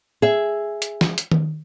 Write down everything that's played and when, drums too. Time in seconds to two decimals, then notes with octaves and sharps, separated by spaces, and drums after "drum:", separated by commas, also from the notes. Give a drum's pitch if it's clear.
0.22 G#4 E5
0.82 drum: hi-hat
1.01 drum: snare
1.18 drum: hi-hat
1.32 drum: tom D#3